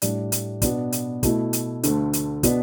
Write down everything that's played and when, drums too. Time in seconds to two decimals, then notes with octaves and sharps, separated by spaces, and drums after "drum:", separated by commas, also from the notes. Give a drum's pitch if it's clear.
0.02 A2 G3 D4, drum: hi-hat
0.32 drum: hi-hat
0.62 B2 B3 D4, drum: kick, hi-hat
0.92 drum: hi-hat
1.23 B2 A3 E4, drum: kick, hi-hat
1.53 drum: hi-hat
1.83 D2 D3 A3, drum: hi-hat
2.13 drum: hi-hat
2.43 B2 B3 D4, drum: kick, hi-hat